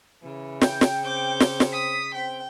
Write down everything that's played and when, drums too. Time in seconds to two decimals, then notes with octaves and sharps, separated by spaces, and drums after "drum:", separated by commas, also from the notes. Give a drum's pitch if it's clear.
0.23 C#3 E3
0.61 G5, drum: snare
0.81 drum: snare
1.04 C4 D6 G6
1.40 drum: snare
1.60 drum: snare
1.72 D#6 B6
2.15 C4 G5